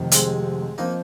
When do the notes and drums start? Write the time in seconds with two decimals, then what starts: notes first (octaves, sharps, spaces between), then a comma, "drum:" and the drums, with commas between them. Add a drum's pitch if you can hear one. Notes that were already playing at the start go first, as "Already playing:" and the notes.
Already playing: F1 F2 C3 D#3
0.12 G#3 C4, drum: hi-hat
0.78 F3 A#3 C4 D#4